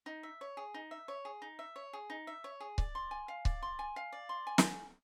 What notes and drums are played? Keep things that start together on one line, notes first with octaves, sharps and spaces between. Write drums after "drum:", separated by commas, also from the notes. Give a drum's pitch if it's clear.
D#4
E5
C#5
G#4
D#4
E5
C#5
G#4
D#4
E5
C#5
G#4
D#4
E5
C#5
G#4
D5, drum: kick C#1
C6
G#5
F5
D5, drum: kick C#1
C6
G#5
F5
D5
C6
G#5
drum: snare